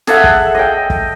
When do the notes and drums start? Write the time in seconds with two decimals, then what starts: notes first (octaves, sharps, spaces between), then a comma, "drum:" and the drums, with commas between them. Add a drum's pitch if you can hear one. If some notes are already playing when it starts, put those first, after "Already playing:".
0.07 G#4 A4 E5 F#5, drum: snare
0.24 drum: kick
0.55 D#5 G5
0.90 drum: kick